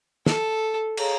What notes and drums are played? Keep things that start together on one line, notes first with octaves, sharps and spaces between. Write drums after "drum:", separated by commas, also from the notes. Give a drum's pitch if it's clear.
A4, drum: snare
G#4 C#5 F5 A#5, drum: cymbal